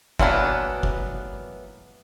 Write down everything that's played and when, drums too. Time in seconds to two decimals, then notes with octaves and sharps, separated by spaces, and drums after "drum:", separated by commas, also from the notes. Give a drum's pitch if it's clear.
0.19 E3 F#3 A#3 B3 D4, drum: kick
0.83 drum: kick